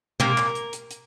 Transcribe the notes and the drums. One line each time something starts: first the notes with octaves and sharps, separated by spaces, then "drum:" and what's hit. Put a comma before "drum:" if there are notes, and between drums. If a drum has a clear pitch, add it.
C3 A#3 A#4, drum: tom B2
drum: clap
drum: hi-hat
drum: hi-hat
drum: hi-hat